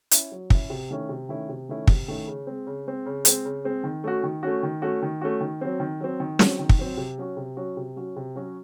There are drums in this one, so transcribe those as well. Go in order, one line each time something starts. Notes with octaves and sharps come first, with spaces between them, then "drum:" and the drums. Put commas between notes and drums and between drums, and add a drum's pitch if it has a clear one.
C#4 E4, drum: hi-hat
F#3
C#4 E4, drum: kick
C3
D#3 A3 C#4 E4
C3
D#3 A3 C#4 E4
C3
D#3 A3 C#4 E4
C3, drum: kick
D#3 A3 C#4 E4
C#3
G#3 C4
C#3
G#3 C4
C#3
G#3 C4, drum: hi-hat
C#3
G#3 C4
D#3
A3 C#4 F#4
D#3
A3 C#4 F#4
D#3
A3 C#4 F#4
D#3
A3 C#4 F#4
D#3
F#3 C4
D#3
F#3 C4
D#3
F#3 C4, drum: snare
D#3
drum: kick
F#3 C4
C3
F#3 C#4 F#4
C3
F#3 C#4 F#4
C3
F#3 C#4 F#4
C3
F#3 C#4 F#4